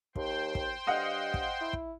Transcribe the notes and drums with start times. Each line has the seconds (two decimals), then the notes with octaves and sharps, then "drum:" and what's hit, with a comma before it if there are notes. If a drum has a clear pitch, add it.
0.16 D#2 C5 G5 C6, drum: kick
0.55 drum: kick
0.87 G2 D#5 F5 F#5
1.34 drum: kick
1.61 E4
1.73 drum: kick